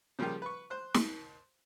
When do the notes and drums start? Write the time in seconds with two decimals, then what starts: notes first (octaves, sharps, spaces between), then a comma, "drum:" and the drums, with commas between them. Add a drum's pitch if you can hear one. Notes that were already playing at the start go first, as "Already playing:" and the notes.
0.19 C#3 F3 G3 A#3 F4 G4
0.42 B4 C#6
0.70 C5 F#6
0.94 drum: snare